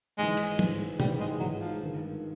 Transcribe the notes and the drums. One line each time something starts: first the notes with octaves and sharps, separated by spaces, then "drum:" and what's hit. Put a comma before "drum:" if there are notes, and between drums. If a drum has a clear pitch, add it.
G#1 G#2 E3 G#3
drum: cymbal
G#1 G#2 E3, drum: tom
G#1 G#2 E3 G3, drum: tom
G#3
G#1 G#2 E3 F#3
F3
G2 D#3 G#3